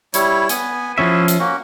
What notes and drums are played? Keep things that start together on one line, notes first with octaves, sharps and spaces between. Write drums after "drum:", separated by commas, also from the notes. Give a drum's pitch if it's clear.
G3 E4 C#5, drum: hi-hat
B3 G#5, drum: hi-hat
F3 C#4 E4 F#4 G#4 E5
drum: hi-hat
A#3 C#4 F#4